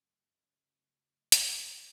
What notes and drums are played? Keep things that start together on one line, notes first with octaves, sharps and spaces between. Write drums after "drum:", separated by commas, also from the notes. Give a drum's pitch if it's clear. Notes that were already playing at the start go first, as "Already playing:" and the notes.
Already playing: F#2 C#3 F#3 A3 C#4 D#5
C#5
A2 G#3 D#4 C5, drum: hi-hat